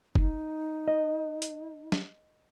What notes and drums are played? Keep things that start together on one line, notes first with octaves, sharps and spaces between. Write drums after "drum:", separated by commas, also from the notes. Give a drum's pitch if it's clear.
D#4, drum: kick
D#5
drum: hi-hat
drum: snare